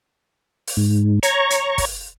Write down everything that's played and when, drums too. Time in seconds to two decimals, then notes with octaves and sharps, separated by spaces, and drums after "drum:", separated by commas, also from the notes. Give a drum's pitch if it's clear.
0.68 drum: open hi-hat
0.77 G#2
1.23 C#5 A#5 C#6, drum: hi-hat
1.50 drum: hi-hat
1.78 drum: kick, open hi-hat